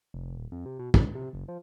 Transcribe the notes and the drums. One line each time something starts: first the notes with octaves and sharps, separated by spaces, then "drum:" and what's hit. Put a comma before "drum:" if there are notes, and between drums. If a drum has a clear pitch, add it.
F1
D#1
F2
C3
B2
C#2, drum: kick
C3
F#1
F3